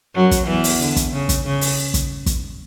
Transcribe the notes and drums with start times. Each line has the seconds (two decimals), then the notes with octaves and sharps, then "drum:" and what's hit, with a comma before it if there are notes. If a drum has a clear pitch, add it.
0.15 F#2 F#3
0.31 drum: kick, hi-hat
0.47 E2 E3
0.64 drum: open hi-hat
0.79 D3
0.96 drum: kick, hi-hat
1.12 C#3
1.29 drum: kick, hi-hat
1.45 C#3
1.61 drum: open hi-hat
1.94 drum: kick, hi-hat
2.26 drum: kick, hi-hat